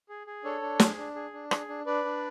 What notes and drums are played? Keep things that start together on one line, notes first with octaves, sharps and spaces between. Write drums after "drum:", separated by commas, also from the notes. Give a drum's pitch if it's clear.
G#4
G#4
D4 A4 C#5
D4
G#4, drum: snare
D4
G#4
D4
G#4, drum: rim click
D4
D4 B4 D5
D4